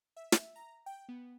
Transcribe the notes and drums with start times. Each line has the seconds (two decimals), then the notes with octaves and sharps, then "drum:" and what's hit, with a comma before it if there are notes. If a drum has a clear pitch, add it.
0.17 E5
0.32 drum: snare
0.56 A#5
0.86 G5
1.09 B3